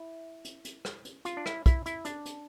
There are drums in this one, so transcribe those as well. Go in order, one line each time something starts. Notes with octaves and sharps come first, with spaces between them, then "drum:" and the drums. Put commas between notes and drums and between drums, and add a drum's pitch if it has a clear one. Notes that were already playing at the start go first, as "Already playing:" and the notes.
Already playing: E4
drum: hi-hat
drum: hi-hat
drum: rim click
drum: hi-hat
F4, drum: hi-hat
D4
E4, drum: rim click
E4, drum: kick, hi-hat
E4, drum: hi-hat
D4, drum: hi-hat
drum: hi-hat